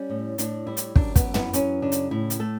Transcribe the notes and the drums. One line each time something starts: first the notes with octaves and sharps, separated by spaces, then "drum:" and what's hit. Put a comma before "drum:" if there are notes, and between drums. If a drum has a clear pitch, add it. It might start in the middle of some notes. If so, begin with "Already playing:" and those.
Already playing: G3 C#4
A2
A2 D4, drum: hi-hat
G3 E4
drum: hi-hat
F#2 D4, drum: kick
B3, drum: kick, hi-hat
E3
B3, drum: tom
F#2 C#4, drum: hi-hat
C#3 D4
drum: hi-hat
A2 E4
drum: hi-hat
A3 A4